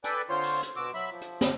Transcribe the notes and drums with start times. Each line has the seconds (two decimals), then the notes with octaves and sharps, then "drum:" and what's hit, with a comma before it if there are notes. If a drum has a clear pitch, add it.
0.04 A4 B4 D5 G5 G#5, drum: hi-hat
0.29 D3 C4 F4 C5 C#5 C6
0.43 drum: open hi-hat
0.63 drum: hi-hat
0.76 B2 F#4 D6 E6
0.94 F#3 E5 B5
1.11 F3
1.21 drum: hi-hat
1.41 drum: snare